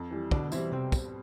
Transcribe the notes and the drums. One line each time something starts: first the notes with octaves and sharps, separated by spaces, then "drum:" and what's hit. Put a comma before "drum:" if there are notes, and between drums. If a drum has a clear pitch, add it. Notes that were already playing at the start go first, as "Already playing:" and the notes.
Already playing: F2
E3 G3
B2 D3 D4, drum: kick
E3 G3 C4 E4, drum: tambourine
C3 C4
drum: kick, tambourine